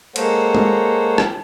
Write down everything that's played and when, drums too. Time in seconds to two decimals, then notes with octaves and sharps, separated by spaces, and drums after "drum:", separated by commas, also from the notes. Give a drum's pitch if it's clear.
0.16 G#3 A#3 A4 C5 C#5 F#5, drum: cymbal
0.55 drum: tom G#3
1.18 drum: rim click